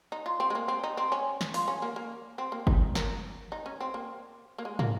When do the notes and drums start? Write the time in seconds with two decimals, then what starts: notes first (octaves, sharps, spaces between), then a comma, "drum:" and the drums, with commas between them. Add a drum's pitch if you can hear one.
0.12 D#4
0.26 F4
0.40 C4
0.50 G#3
0.55 A#3
0.68 C4
0.84 D#4
0.97 C4
1.12 C#4
1.41 drum: snare
1.54 F4, drum: open hi-hat
1.68 C#4
1.82 A#3
1.96 A#3
2.38 C4
2.52 A#3
2.67 D#4, drum: kick G1
2.95 A#4, drum: snare
3.52 D#4
3.66 C#4
3.81 C4
3.94 A#3
4.58 A#3
4.65 G#3
4.79 A#3, drum: tom